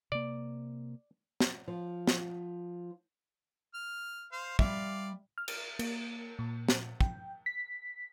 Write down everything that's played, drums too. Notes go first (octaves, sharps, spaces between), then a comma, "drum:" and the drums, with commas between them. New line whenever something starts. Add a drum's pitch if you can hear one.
C3 A#3 D5
drum: snare
F3
drum: snare
F6
C5 F5
G3 D5 E5 F5, drum: kick
F6
drum: cymbal
A#3, drum: cymbal
A#2
drum: snare
G5, drum: kick
B6